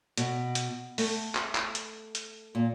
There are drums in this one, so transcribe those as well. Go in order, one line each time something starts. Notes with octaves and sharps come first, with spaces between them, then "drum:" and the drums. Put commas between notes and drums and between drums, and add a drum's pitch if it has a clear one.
B2, drum: hi-hat
drum: hi-hat
A3, drum: open hi-hat
drum: clap
drum: clap
drum: hi-hat
drum: hi-hat
A#2